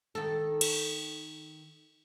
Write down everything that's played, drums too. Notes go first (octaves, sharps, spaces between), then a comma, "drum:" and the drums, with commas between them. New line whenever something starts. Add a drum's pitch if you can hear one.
D#3 A4
drum: cymbal